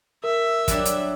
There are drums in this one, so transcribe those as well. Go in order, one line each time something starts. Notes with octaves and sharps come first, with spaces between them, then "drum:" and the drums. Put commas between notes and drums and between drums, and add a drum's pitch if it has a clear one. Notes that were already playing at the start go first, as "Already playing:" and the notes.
A#4 E5
F#3 G3 D4, drum: kick, hi-hat
drum: hi-hat